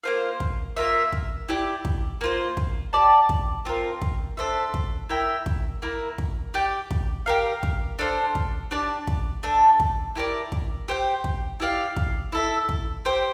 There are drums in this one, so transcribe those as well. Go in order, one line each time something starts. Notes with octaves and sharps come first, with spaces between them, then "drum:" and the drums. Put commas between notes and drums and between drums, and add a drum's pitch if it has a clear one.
A#3 F4 C5 F5
drum: kick
A#3 F4 A#4 E5
drum: kick
E4 G4 D5
drum: kick
A#3 F4 C5
drum: kick
G4 D5 A5
drum: kick
C4 F4 A#4
drum: kick
D4 A4 C5 E5
drum: kick
E4 A#4 E5 G5
drum: kick
A#3 E4 A#4
drum: kick
G4 D5 G5
drum: kick
G4 A#4 F5
drum: kick
D4 A4 C5 F5
drum: kick
D4 G4 D5 A5
drum: kick
A3 D4 A4
drum: kick
E4 G4 A#4 D5
drum: kick
G4 C5 G5
drum: kick
E4 G4 D5 F5
drum: kick
E4 A4 E5
drum: kick
G4 C5 G5